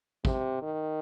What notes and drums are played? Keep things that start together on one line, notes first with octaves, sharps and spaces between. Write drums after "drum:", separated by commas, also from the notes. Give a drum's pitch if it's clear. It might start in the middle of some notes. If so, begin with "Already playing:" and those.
C3, drum: kick
D#3